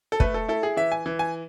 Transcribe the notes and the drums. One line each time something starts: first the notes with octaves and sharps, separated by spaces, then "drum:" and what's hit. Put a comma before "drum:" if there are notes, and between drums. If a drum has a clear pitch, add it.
A4
A3 B4, drum: kick
A4
E4 A4
G#4
E3 E5
G#5
E3
G#5